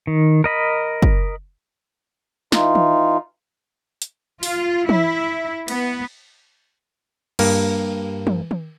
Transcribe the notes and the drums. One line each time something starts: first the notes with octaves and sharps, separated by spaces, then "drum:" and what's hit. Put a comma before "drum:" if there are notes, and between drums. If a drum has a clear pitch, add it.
D#3
A#4 D#5 B5
drum: kick
E3 D#4 F4, drum: snare
drum: tom D#3
drum: hi-hat
F4, drum: open hi-hat
E4, drum: tom E3
B3, drum: cymbal
G2 A#3, drum: cymbal
drum: tom E3
drum: tom D#3